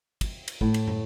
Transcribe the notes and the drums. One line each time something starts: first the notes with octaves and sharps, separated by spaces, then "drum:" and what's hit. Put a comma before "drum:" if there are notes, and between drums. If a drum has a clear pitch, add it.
drum: kick, cymbal
drum: cymbal
A2, drum: kick
drum: cymbal
drum: tom